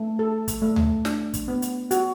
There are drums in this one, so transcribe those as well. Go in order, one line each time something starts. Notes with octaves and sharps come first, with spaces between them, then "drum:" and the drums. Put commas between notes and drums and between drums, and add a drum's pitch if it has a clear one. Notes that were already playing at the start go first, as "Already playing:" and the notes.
Already playing: A3
A4
drum: kick, hi-hat
A3
drum: tom D2
D4, drum: snare
drum: kick, hi-hat
B3
drum: hi-hat
F#4, drum: hi-hat